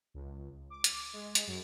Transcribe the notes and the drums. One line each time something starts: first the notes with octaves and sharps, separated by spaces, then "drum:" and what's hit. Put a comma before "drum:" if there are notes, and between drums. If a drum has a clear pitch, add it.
C#2
D6
drum: hi-hat
G#3
drum: hi-hat
F#2